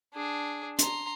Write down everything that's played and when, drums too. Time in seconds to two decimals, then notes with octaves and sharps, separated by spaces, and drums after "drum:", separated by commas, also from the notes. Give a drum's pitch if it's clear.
0.14 D4 G#4
0.79 A#5 C6, drum: hi-hat